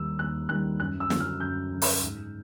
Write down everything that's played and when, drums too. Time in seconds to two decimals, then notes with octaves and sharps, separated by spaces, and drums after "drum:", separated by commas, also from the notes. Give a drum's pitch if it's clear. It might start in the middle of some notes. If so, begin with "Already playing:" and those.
Already playing: D#2 D#3 G3 E6
0.19 D#2 F#6
0.49 D#3 G3 F#6
0.80 F#2 F#6
1.00 E6
1.10 D3 F#3, drum: snare
1.20 F6
1.40 F#2 G6
1.72 D3 F#3
1.82 drum: open hi-hat
2.02 G#2